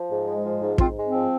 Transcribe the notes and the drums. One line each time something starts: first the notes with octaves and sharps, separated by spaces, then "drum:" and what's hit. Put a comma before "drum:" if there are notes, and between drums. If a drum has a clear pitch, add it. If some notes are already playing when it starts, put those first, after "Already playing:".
Already playing: F3
G#2
G#3
F3
G#2
G#2 C4 F4, drum: kick
G#3
C4
F3